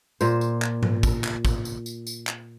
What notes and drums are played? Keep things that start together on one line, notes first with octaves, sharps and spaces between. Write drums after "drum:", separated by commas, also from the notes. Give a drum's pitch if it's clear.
A#2 C5, drum: tambourine
drum: tambourine
drum: clap
drum: tom G#2
drum: kick, tambourine
drum: clap
drum: kick, tambourine
drum: tambourine
drum: tambourine
drum: tambourine
drum: clap